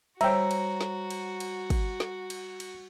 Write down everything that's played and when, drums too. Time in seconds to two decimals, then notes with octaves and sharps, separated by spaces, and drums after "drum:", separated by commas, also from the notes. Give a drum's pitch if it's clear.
0.21 G3 F#4 C5 C#5 E5 G5 A#5, drum: cymbal
0.51 drum: cymbal
0.81 drum: snare
1.10 drum: cymbal
1.40 drum: cymbal
1.70 drum: kick, cymbal
2.00 drum: snare
2.30 drum: cymbal
2.60 drum: cymbal